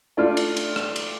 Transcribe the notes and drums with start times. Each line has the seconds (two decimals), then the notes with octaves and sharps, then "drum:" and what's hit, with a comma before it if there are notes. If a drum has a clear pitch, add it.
0.17 A3 D4 F4
0.37 drum: cymbal
0.57 drum: cymbal
0.76 drum: rim click
0.96 drum: cymbal